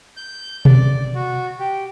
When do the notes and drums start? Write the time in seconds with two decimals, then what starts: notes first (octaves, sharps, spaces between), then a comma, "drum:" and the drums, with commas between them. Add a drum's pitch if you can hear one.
0.17 G6
0.65 D5, drum: tom B2
1.15 F#4
1.59 G4